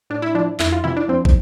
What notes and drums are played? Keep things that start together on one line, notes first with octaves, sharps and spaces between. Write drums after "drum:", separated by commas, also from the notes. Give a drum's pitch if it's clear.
A2 D4
E4
F3 D4
F2 E4, drum: clap
F4
C3 E3 E4
D4
F2 C4
drum: kick